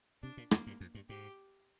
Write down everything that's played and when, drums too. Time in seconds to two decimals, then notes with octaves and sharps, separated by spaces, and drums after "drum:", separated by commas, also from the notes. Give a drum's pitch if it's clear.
0.23 C3 D4
0.37 A#2
0.51 F2 A#3, drum: rim click
0.67 G2
0.81 F2
0.95 G2
1.09 G#2 G4